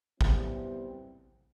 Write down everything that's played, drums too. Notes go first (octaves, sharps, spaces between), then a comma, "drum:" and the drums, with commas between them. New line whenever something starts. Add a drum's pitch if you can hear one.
G3 B3 C4 E4, drum: kick